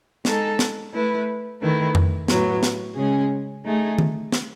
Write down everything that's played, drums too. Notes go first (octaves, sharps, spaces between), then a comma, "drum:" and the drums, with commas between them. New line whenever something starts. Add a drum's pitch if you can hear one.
G#3 D#4 A4, drum: snare
drum: snare
A3 E4 B4
D#3 A3 E4 B4
drum: tom F2
A2 F#3 B3, drum: snare
drum: snare
C#3 G#3 C#4 G#4
A3 D#4 G#4
drum: tom D#3
drum: snare